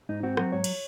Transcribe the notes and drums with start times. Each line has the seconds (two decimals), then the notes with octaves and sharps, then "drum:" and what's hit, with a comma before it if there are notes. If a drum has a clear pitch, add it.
0.09 G#2 D#4
0.23 C4 F#4
0.37 F#3 F#4, drum: rim click
0.52 G#2 C#5
0.64 drum: cymbal